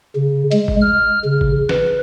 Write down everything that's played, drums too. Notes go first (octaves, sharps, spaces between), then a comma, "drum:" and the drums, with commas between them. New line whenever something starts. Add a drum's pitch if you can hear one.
C#3
G#3, drum: hi-hat
drum: kick
F6
C#3
drum: kick
B4, drum: snare